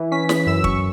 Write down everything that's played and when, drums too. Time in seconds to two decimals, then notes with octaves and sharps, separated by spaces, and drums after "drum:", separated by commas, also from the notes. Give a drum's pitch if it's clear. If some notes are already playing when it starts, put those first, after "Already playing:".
Already playing: E3
0.11 C#4 B6
0.29 B6, drum: snare
0.46 F#2 E6
0.64 C#6, drum: kick